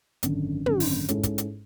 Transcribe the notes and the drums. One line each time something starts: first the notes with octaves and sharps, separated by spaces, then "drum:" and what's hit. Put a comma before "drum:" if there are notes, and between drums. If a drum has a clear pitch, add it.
G#1 F#2 D3, drum: hi-hat
G#1 F#2 D3, drum: tom
drum: open hi-hat
G#2 G#3 C#4 E4 A4, drum: hi-hat
drum: kick, hi-hat
drum: hi-hat